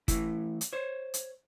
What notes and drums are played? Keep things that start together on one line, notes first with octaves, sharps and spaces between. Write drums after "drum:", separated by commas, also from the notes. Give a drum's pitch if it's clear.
E3 A3 E4, drum: kick, hi-hat
drum: hi-hat
C5 C#5
drum: hi-hat